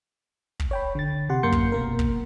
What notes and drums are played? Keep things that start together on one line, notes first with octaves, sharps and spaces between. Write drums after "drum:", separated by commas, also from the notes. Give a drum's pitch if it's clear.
drum: kick
C#5 G5 B5
D3 A6
C3 G4 F#5 C6
F#2 A#3 A#4 C6 G6 C#7
drum: kick
B2 A#3 A#4
drum: kick